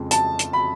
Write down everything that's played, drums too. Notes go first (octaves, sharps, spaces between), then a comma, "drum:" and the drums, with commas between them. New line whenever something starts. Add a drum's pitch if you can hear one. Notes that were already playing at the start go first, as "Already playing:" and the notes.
Already playing: F2 C#3 F3 G#3
A5, drum: hi-hat
drum: hi-hat
B5